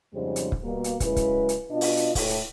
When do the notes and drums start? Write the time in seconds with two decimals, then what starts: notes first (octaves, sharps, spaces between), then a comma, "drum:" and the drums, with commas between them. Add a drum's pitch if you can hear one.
0.13 F2 G#2 C#3 G3 G#3 C5
0.36 drum: hi-hat
0.52 drum: kick
0.62 B2 G3 A#3
0.84 drum: hi-hat
1.00 F#2 C#3 G#3 E4 B4, drum: kick, hi-hat
1.16 drum: kick, hi-hat
1.49 drum: hi-hat
1.70 B2 D4 F4 D#5
1.81 drum: open hi-hat
1.97 drum: hi-hat
2.15 A2, drum: kick, open hi-hat
2.29 drum: hi-hat